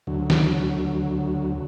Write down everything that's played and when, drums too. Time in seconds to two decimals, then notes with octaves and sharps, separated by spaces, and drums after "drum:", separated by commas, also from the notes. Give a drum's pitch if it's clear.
0.07 D2 F#3
0.30 drum: snare